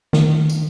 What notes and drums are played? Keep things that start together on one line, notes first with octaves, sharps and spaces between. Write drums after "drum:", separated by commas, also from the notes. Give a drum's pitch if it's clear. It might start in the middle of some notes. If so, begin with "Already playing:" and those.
D#3, drum: snare
drum: tambourine